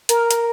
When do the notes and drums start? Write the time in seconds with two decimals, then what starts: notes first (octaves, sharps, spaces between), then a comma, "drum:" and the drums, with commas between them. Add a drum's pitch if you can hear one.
0.09 A#4, drum: hi-hat
0.31 drum: hi-hat